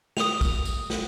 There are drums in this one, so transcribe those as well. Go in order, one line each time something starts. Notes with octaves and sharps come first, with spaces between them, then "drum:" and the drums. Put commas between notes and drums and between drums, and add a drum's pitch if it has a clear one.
D#6 F7, drum: snare
drum: kick, tambourine
drum: tambourine
drum: snare